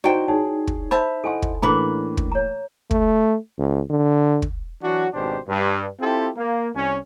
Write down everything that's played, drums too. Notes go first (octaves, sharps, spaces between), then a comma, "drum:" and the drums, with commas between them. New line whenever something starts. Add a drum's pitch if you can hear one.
D#4 E4 F#4 C5 D5 G5
D#4 G#4 C#5
drum: kick
C5 E5 A5 B5
E4 A4 D#5 F#5 G#5 C6
drum: kick
A2 E3 A#3 C#4 D4 B4 A#5 D6
drum: kick
C#5 A#5
A3, drum: kick
C#2
D3
drum: kick
E3 F#3 D4 F#4
G#1 B2 D4 G4 C5
G2
C4 E4 F4 G4 A4
A#3
C2 C#4